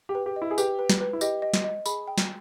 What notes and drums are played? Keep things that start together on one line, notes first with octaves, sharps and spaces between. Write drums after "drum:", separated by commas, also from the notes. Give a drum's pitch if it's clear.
G4
B4
G4
D#5
E4
G#4
G4 B4, drum: tambourine
B4
drum: snare
B4
E4
G4 D#5, drum: tambourine
D#5
drum: snare
D#5
G#4 B5, drum: tambourine
G5
drum: snare